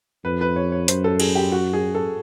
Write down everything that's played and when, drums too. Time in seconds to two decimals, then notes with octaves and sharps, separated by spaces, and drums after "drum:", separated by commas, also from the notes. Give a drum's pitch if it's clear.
0.25 F2 B4
0.41 B4
0.56 C#5
0.72 C#5
0.88 F#2 C5, drum: hi-hat
1.04 A4
1.20 G#4, drum: cymbal
1.35 G4
1.52 F#4
1.73 G#4
1.95 A4